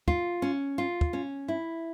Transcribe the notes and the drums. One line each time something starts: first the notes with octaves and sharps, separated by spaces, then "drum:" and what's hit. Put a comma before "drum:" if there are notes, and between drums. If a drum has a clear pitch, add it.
F4, drum: kick
C#4
F4
drum: kick
C#4
E4